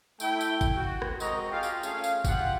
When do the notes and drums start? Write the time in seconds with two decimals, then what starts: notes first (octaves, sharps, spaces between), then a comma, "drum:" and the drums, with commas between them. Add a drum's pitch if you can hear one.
0.20 A3 E4 G5, drum: tambourine
0.41 drum: tambourine
0.61 drum: kick G1, tambourine
0.76 F#4
1.02 drum: rim click
1.20 G#3 C4 A#4 D#5 A#5 C#6, drum: tambourine
1.51 F4 G4 G#4 F5
1.63 drum: tambourine
1.83 A3 C#4 G#4 F5, drum: tambourine
2.04 drum: tambourine
2.25 F4 G4 F5 F#5, drum: kick G1, tambourine